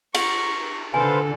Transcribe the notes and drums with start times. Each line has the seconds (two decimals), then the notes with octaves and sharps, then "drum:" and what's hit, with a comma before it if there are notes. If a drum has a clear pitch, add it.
0.15 F#5 A#5 C#6, drum: cymbal
0.94 D3 A4 B4 C5 F5 G#5